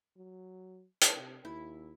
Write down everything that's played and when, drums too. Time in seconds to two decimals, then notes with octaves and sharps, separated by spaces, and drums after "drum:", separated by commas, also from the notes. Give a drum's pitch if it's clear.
0.17 F#3
1.01 drum: hi-hat
1.16 C3
1.45 D#2 E4